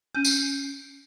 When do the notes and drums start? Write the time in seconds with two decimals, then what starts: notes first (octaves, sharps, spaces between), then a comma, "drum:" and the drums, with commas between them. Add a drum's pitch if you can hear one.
0.15 C#4 G6 D#7
0.24 drum: tambourine